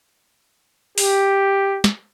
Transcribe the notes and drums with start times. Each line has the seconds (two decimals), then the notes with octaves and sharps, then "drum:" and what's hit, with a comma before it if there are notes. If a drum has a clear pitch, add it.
0.98 G4, drum: open hi-hat
1.84 drum: snare